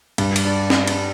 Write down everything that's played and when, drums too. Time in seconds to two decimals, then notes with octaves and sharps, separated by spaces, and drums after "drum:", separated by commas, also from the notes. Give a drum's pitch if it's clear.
0.18 G2, drum: cymbal
0.36 drum: cymbal
0.45 D4
0.70 drum: snare
0.87 drum: cymbal